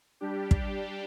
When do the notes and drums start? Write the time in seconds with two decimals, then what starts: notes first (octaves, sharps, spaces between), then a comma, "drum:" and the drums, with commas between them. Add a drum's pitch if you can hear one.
0.21 G3 D4 G4
0.51 drum: kick